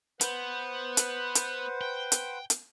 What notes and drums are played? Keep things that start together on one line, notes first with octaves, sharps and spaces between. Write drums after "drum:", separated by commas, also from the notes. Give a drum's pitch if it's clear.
B3 B4 C5 F#5, drum: hi-hat
drum: hi-hat
drum: hi-hat
G5
drum: hi-hat
drum: hi-hat